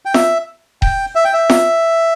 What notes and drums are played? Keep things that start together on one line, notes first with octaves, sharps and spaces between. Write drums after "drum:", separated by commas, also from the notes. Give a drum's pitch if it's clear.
G5
E5, drum: snare F4
G5, drum: kick D#1
E5
G5
E5
drum: snare F4